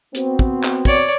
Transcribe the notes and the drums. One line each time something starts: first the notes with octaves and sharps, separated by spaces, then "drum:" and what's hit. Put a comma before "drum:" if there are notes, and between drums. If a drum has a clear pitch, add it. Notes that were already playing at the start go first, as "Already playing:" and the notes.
B3 C4 F#4, drum: hi-hat
drum: kick
drum: clap
C#5 D5, drum: kick